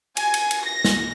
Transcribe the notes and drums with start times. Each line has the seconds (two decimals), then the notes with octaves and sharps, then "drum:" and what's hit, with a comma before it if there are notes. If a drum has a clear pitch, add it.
0.17 G#5, drum: cymbal
0.34 drum: cymbal
0.51 drum: cymbal
0.64 A#6
0.85 drum: snare